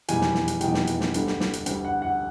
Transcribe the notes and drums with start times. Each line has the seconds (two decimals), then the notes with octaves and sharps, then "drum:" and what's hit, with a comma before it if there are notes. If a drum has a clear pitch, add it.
0.08 F1 E2 B2 G3 G#5, drum: hi-hat
0.21 drum: snare
0.34 drum: snare
0.48 drum: hi-hat
0.61 F1 E2 B2 G3 G5, drum: hi-hat
0.74 drum: snare
0.87 drum: hi-hat
1.01 drum: snare
1.14 D2 D3 G3, drum: hi-hat
1.27 drum: snare
1.40 drum: snare
1.53 drum: hi-hat
1.66 D2 D3 G3, drum: hi-hat
1.85 F#5
2.02 F#5